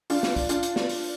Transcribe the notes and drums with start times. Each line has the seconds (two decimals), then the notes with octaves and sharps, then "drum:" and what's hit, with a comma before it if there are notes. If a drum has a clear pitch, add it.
0.10 D4 F4, drum: open hi-hat
0.23 drum: snare
0.36 drum: kick, open hi-hat
0.49 D4 F4, drum: hi-hat
0.63 drum: hi-hat
0.76 drum: snare
0.89 drum: open hi-hat